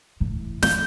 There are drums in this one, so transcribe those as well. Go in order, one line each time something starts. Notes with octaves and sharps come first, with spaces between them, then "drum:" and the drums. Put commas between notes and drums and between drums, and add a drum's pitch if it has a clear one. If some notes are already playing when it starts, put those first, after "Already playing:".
A2 E3
F3 G6, drum: snare